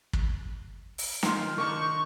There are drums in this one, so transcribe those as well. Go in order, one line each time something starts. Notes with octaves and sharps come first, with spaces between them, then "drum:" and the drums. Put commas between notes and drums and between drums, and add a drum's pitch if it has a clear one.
drum: kick
drum: open hi-hat
D#3 F4, drum: snare
D#3 D4 D#4 C#6